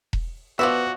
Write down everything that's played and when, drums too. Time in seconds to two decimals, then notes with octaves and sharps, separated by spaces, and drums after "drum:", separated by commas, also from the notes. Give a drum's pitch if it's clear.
0.13 drum: kick E1
0.59 F3 B3 F#4 D5 E5